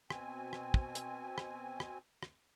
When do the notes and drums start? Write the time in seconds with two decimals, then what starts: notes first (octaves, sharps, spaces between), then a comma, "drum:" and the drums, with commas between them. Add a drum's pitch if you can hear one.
0.10 B2 C4 G#5, drum: rim click
0.53 drum: rim click
0.74 drum: kick
0.95 drum: hi-hat
1.38 drum: rim click
1.80 drum: rim click
2.23 drum: rim click